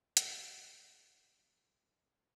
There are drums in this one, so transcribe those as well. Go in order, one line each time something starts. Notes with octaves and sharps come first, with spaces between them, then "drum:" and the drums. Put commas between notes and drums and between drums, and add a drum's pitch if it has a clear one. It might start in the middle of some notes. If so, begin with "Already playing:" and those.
A#3 B3 E4, drum: hi-hat